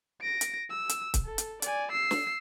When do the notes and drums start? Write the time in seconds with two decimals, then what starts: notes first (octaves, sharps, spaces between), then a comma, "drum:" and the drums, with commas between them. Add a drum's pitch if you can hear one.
0.21 A#6 D7
0.41 drum: hi-hat
0.70 E6
0.89 drum: hi-hat
1.14 drum: kick C#1, hi-hat
1.25 A4
1.38 drum: hi-hat
1.62 D5 G#5, drum: hi-hat
1.92 E6 C7
2.11 drum: snare